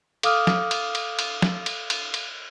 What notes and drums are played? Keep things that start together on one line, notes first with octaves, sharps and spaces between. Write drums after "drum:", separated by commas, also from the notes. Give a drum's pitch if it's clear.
A4 F5 D6 D#6 F6, drum: cymbal
drum: snare
drum: cymbal
drum: cymbal
drum: cymbal
drum: snare
drum: cymbal
drum: cymbal
drum: cymbal